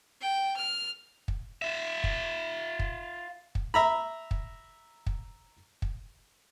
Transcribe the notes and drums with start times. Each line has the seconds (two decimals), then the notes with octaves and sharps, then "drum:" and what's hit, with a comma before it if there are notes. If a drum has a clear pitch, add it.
0.21 G5
0.57 F6
1.28 drum: kick
1.62 F4 E5
2.04 drum: kick
2.79 drum: kick
3.55 drum: kick
3.74 E5 A#5 B5
4.31 drum: kick
5.06 drum: kick
5.82 drum: kick